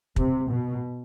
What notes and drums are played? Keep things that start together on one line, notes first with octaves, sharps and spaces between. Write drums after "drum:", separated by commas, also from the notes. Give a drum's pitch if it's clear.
C3, drum: kick
B2